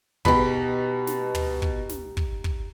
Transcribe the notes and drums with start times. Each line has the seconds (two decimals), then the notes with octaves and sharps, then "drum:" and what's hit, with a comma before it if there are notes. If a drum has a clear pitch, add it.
0.25 B2 D#4 G4 B5, drum: kick
1.07 drum: snare
1.35 drum: tom
1.62 drum: kick
1.89 drum: snare
2.17 drum: kick
2.44 drum: kick